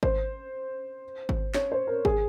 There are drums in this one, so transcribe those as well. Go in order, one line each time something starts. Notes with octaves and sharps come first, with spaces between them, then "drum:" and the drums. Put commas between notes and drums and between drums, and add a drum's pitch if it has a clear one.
C5, drum: kick G#1
drum: kick G#1
C#5, drum: snare
C5
A#4
G#4, drum: kick G#1